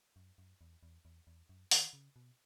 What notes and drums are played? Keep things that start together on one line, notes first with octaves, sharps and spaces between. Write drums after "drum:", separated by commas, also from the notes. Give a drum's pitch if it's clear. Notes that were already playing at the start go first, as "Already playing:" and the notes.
F#2
F#2
E2
E2
E2
E2
F#2
D#3, drum: open hi-hat
C#3
B2